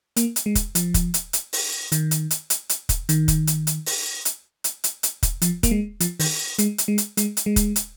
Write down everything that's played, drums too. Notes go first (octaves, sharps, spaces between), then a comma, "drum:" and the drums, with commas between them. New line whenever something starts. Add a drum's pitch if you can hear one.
A#3, drum: hi-hat
drum: hi-hat
G#3
drum: kick, hi-hat
F3, drum: hi-hat
drum: kick, hi-hat
drum: hi-hat
drum: hi-hat
drum: open hi-hat
D#3, drum: hi-hat
drum: hi-hat
drum: hi-hat
drum: hi-hat
drum: hi-hat
drum: kick, hi-hat
D#3, drum: hi-hat
drum: kick, hi-hat
drum: hi-hat
drum: hi-hat
drum: open hi-hat
drum: hi-hat
drum: hi-hat
drum: hi-hat
drum: hi-hat
drum: kick, hi-hat
F3, drum: hi-hat
A#3, drum: kick, hi-hat
G#3
F3, drum: hi-hat
D#3, drum: open hi-hat
G#3, drum: hi-hat
drum: hi-hat
G#3
drum: hi-hat
G#3, drum: hi-hat
drum: hi-hat
G#3
drum: kick, hi-hat
drum: hi-hat